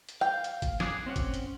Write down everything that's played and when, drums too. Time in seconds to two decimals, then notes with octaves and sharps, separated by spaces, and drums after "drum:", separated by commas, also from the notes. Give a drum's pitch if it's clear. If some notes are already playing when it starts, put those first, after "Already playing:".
0.09 drum: hi-hat
0.21 F5 G5
0.44 drum: hi-hat
0.62 drum: kick G1, hi-hat
0.80 G#4 D6 F#6, drum: snare
1.06 C4 C#4 F#5
1.16 drum: kick G1, hi-hat
1.34 drum: hi-hat